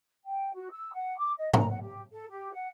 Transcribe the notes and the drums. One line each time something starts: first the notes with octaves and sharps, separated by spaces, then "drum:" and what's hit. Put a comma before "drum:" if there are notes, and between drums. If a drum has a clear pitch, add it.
G5
F#4
E6
F#5
D6
D#5
A#5, drum: tom G#2
F#5
G4
A4
G4
F#5